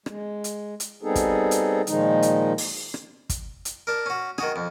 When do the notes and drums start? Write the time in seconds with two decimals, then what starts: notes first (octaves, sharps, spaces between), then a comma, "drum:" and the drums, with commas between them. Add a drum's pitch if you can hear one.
0.06 G#3, drum: rim click
0.44 drum: hi-hat
0.80 drum: hi-hat
1.03 G3 B3 C4 D#4 G#4 A4
1.15 drum: kick, hi-hat
1.51 drum: hi-hat
1.87 A#2 D#3 F3 G#3 D#4, drum: hi-hat
2.22 drum: hi-hat
2.58 drum: open hi-hat
2.94 drum: rim click
3.29 drum: kick, hi-hat
3.65 drum: hi-hat
3.87 D4 A#4
4.06 C#4 F#4
4.38 D#3 F#4 G#4, drum: rim click
4.56 F2